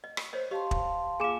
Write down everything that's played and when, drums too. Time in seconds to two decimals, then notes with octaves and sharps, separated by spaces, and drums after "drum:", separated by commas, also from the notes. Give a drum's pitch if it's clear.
0.04 D#5
0.17 drum: rim click
0.33 C5 C#5 D#5
0.51 G4 D#5 F5 A5 C6
0.71 drum: kick
1.20 A#3 F4 G#4 F5 G#5 D6 E7